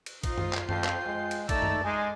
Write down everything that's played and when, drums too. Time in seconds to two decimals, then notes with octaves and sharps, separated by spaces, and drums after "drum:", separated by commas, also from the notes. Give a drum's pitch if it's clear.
0.06 drum: cymbal
0.23 D#4 F4 C5 C7, drum: kick, cymbal
0.38 drum: tom F#2
0.53 drum: clap
0.69 F2 G5, drum: tom F#2
0.84 drum: clap
1.07 G#3
1.31 drum: cymbal
1.49 A3 D#4 D5 A#5 E6, drum: kick, cymbal
1.62 drum: tom F#2
1.85 G#3 D#4 G#5 C6 D6